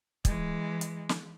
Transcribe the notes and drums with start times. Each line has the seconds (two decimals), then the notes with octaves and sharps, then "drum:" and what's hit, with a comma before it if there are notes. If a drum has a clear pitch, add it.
0.25 E3 G#3, drum: kick, hi-hat
0.81 drum: hi-hat
1.09 drum: snare